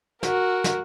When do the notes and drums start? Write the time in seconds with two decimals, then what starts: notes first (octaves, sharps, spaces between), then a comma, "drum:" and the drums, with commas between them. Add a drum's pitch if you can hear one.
0.23 F#4 A#4, drum: snare
0.64 drum: snare